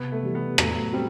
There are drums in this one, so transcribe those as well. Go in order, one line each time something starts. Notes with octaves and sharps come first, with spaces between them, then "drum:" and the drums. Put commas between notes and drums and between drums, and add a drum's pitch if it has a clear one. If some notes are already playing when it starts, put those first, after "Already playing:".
Already playing: C3 B3
A3
E3 G3
B3
A2 F#3, drum: rim click
G3 C4 F#4